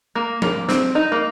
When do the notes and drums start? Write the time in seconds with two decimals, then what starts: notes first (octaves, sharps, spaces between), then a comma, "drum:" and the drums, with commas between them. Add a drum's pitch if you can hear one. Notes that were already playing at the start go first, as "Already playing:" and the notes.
0.15 A#3
0.42 A#3, drum: tom F3
0.69 C4, drum: snare
0.95 D#4
1.12 A#3